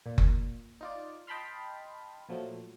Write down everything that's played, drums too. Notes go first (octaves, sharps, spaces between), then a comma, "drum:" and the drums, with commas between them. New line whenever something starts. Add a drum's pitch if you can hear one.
A#2
drum: kick F#1
D#4 F4 D5
D#5 G5 A5 B5 C6 F6
A#2 F3 F#3 A3